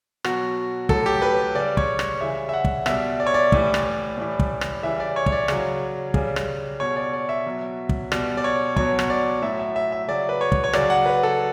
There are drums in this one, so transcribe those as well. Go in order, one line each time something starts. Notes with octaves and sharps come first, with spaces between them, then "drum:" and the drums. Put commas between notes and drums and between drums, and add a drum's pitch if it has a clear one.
B2 F#3 F#4, drum: rim click
A2 F#3 A4, drum: kick
G4
B4
C#3 G3 D5
C#5, drum: kick
drum: rim click
C#3 E3 G3 E5
E5
F#5
drum: kick
B2 G3 E5, drum: rim click
D5
C#5
D5
A2 E3 G3, drum: kick
drum: rim click
A2 E3 G3
drum: kick
drum: rim click
C#3 E3 G3 E5
D5
C#5
C#5, drum: kick
D5
C#3 F#3, drum: rim click
C#3 G3, drum: kick
drum: rim click
B2 G3 C#5
D5
D5
E5
B2 F#3
drum: kick
B2 G3, drum: rim click
D5
C#5
B2 F#3 C#5, drum: kick
drum: rim click
D5
A2 F#3 E5
E5
E5
E5
C#3 F#3 D5
B4
C#5
drum: kick
C#5
C#3 F#3 D5, drum: rim click
F#5
B4
A4